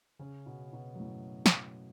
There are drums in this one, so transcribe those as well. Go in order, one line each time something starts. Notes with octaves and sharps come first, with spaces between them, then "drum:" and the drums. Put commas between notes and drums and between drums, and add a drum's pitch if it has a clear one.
C#3 C#4
B2 B3
B2 B3
F#2
A2
drum: snare